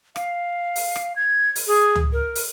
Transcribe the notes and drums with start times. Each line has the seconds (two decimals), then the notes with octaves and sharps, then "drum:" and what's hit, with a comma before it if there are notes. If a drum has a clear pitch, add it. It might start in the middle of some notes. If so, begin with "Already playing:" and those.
0.16 F5, drum: rim click
0.76 drum: open hi-hat
0.96 drum: rim click
1.16 G#6
1.55 drum: open hi-hat
1.67 G#4
1.95 drum: tom C#2
2.13 A#4
2.35 drum: open hi-hat